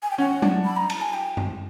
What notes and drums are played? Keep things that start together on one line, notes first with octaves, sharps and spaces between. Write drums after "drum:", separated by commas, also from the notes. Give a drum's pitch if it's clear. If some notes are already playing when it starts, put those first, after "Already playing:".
G#5
G5
C#4 F#5
D4, drum: tom F#3
B5
A#5
A5, drum: cymbal
G#5
G5
drum: tom F#2